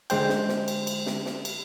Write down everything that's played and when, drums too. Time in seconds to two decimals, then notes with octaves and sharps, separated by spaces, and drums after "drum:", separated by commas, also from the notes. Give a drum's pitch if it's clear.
0.10 D3 G#3 C5 G5, drum: cymbal
0.29 drum: snare
0.48 drum: snare
0.68 drum: cymbal
0.87 drum: cymbal
1.06 drum: snare
1.26 drum: snare
1.45 drum: cymbal